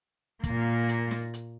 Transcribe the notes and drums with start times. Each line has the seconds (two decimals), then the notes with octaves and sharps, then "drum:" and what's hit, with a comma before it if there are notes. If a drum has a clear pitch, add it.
0.44 A#2 A#3, drum: kick, hi-hat
0.89 drum: hi-hat
1.11 drum: snare
1.34 drum: hi-hat